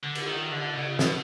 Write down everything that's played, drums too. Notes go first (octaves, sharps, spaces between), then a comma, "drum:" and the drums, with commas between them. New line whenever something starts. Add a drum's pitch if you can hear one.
D3
drum: cymbal
D#3
D3
C#3
B2, drum: snare